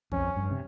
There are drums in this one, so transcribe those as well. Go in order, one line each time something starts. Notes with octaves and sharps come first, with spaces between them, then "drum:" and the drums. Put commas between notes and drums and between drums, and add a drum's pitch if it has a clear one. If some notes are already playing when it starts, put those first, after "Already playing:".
F2 C#4, drum: kick
G2
C3